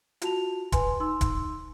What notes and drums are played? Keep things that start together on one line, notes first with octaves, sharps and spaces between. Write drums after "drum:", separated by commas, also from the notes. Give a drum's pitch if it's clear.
F4 F#4 A5 F7, drum: hi-hat
B4 G#5 C6, drum: kick D#1, hi-hat
D#4 C6 E6
drum: kick D#1, hi-hat